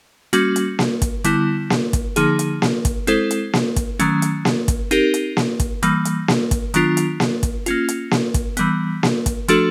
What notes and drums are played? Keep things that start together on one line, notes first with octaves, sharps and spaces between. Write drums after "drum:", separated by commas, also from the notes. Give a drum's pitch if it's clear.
G3 A#3 C#4 F#4, drum: hi-hat
drum: hi-hat
drum: snare A#3
drum: kick, hi-hat
D3 G3 B3 E4, drum: hi-hat
drum: snare A#3
drum: kick, hi-hat
D3 F3 A#3 D#4 G#4, drum: hi-hat
drum: hi-hat
drum: snare A#3
drum: kick, hi-hat
G#3 C4 E4 A4 C5, drum: hi-hat
drum: hi-hat
drum: snare A#3
drum: kick, hi-hat
D#3 F#3 A3 C#4, drum: hi-hat
drum: hi-hat
drum: snare A#3
drum: kick, hi-hat
C4 D#4 G4 A#4, drum: hi-hat
drum: hi-hat
drum: snare A#3
drum: kick, hi-hat
E3 G3 A#3, drum: hi-hat
drum: hi-hat
drum: snare A#3
drum: kick, hi-hat
D#3 F#3 B3 D4 F4, drum: hi-hat
drum: hi-hat
drum: snare A#3
drum: kick, hi-hat
A#3 C#4 F4, drum: hi-hat
drum: hi-hat
drum: snare A#3
drum: kick, hi-hat
E3 G3 B3, drum: hi-hat
drum: snare A#3
drum: kick, hi-hat
F3 A3 D4 F#4 A4, drum: hi-hat